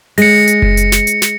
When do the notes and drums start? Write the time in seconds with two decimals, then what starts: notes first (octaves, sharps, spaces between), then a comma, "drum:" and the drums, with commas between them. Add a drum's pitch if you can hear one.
0.18 G#3 A#6 C#7, drum: open hi-hat
0.47 drum: hi-hat
0.62 drum: kick F#1
0.77 drum: hi-hat
0.92 drum: snare
1.07 drum: hi-hat
1.22 drum: snare